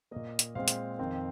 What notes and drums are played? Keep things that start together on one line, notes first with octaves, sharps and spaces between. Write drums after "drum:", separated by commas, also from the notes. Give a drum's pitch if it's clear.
A#2 A#3 A#4 D#5
drum: hi-hat
A#2 G#3 C4 C5 F5
drum: hi-hat
F2 D#3 C4